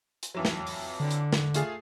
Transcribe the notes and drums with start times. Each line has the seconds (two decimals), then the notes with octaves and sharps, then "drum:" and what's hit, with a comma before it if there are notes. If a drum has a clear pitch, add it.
0.23 drum: hi-hat
0.35 F2 E3 F#3
0.45 drum: snare
0.67 drum: open hi-hat
1.00 D3
1.11 drum: hi-hat
1.32 drum: snare
1.54 A3 F4 G#4, drum: hi-hat